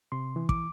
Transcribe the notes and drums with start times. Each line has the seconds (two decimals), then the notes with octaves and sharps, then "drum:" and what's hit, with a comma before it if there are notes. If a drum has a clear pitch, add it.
0.12 C3 C6
0.36 E3
0.49 D6, drum: kick